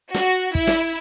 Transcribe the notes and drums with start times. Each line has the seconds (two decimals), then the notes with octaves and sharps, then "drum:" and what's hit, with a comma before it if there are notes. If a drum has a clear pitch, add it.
0.15 F#4, drum: snare
0.55 E4, drum: kick
0.67 drum: snare